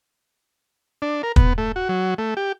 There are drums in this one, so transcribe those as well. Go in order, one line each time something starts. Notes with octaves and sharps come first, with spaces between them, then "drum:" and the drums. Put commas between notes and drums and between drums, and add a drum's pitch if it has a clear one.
D4
A#4
B3, drum: kick
A3
F#4
F#3
A3
G4